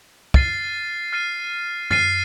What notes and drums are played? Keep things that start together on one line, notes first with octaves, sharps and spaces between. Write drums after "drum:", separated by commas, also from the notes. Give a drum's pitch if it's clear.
F6 A6 C7 D#7, drum: kick
F6 A6 C7 D#7
F6 A6 C7 D#7, drum: tom F#2